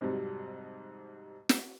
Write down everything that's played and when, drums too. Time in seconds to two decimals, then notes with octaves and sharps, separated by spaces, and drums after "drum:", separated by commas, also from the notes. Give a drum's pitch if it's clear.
0.01 F2 G#2 C3 F#3 G3
1.49 drum: snare